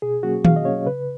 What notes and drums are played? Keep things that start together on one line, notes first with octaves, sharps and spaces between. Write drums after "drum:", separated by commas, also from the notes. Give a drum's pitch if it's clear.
B2 G#4
F#3 A#3 C#4 F#4
B2 F5, drum: tom D#3
D#5
F#3 A#3 C#4 C#5
C#3 B4